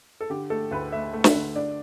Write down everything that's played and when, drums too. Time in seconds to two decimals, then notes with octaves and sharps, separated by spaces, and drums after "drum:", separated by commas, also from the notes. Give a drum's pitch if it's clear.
0.21 A4
0.30 D3 G4
0.50 A3 A4
0.71 D2 B4
0.92 A3 E5
1.13 A3
1.24 E5, drum: snare
1.34 D3
1.56 D4 D5